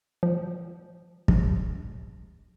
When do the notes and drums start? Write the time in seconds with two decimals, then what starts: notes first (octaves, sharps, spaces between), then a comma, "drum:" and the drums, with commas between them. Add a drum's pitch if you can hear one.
0.23 F3
1.28 A#1, drum: kick